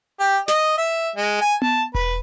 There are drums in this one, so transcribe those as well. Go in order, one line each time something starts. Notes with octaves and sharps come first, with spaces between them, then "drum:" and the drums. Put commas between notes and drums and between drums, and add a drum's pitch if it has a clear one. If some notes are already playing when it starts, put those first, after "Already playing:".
G4
D#5, drum: snare
E5
G#3
G#5
A5, drum: tom B3
B4, drum: kick E1